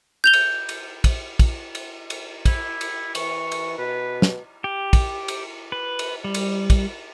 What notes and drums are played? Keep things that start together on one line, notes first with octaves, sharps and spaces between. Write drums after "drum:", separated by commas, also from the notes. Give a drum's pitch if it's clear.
G6 F7 G7
drum: cymbal
drum: cymbal
drum: kick, cymbal
drum: kick, cymbal
drum: cymbal
drum: cymbal
E4, drum: kick, cymbal
drum: cymbal
E3 C#6, drum: cymbal
drum: cymbal
B2 B4
drum: snare
G4
drum: kick, cymbal
drum: cymbal
B4
drum: cymbal
G3
drum: cymbal
drum: kick, cymbal